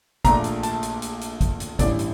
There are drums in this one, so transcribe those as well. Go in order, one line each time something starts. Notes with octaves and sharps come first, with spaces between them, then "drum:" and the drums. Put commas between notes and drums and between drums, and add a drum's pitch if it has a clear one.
A#1 A#2 A3 D4 A#5, drum: kick G#1, hi-hat
drum: hi-hat
A5, drum: hi-hat
drum: hi-hat
drum: hi-hat
drum: hi-hat
drum: kick G#1, hi-hat
drum: hi-hat
A1 G2 E3 D5, drum: kick G#1, hi-hat
drum: hi-hat